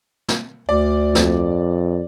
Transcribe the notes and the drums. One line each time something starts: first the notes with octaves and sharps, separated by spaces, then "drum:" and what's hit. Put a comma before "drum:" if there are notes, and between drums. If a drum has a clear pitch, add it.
drum: snare
D2 D5
F2, drum: snare